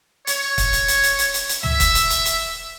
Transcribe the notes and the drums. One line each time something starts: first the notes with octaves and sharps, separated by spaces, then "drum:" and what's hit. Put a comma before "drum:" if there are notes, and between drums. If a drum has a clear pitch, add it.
C#5, drum: hi-hat
drum: kick, hi-hat
drum: hi-hat
drum: hi-hat
drum: hi-hat
drum: hi-hat
drum: hi-hat
drum: hi-hat
E5, drum: tom
drum: kick, hi-hat
drum: hi-hat
drum: hi-hat
drum: hi-hat